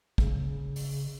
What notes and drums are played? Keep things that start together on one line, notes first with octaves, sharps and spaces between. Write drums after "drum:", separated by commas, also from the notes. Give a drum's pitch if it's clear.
C#3, drum: kick
drum: open hi-hat